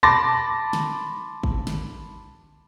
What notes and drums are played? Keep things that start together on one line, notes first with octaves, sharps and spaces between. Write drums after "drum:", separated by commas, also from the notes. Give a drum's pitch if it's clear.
A5 B5 C6 D6 A6 A#6
drum: snare
drum: kick
drum: snare